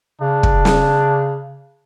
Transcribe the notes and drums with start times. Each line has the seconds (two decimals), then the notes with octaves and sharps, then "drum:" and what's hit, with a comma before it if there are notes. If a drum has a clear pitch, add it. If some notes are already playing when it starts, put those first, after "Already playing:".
0.21 C#3 D4
0.43 drum: kick
0.65 drum: snare